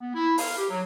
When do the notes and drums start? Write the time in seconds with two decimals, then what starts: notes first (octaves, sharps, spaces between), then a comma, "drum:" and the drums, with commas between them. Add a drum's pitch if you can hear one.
0.01 B3
0.14 E4
0.38 F5, drum: open hi-hat
0.57 G4
0.69 F#3